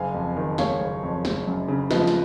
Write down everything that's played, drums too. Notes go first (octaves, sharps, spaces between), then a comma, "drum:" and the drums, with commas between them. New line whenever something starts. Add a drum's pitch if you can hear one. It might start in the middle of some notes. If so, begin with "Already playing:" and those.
Already playing: F#1 F5 G#5
F2
D#3
F#1 C#5 F5, drum: snare
F#1
F2
F#1, drum: snare
F#2
C#3
F3 B4 D#5, drum: snare
drum: snare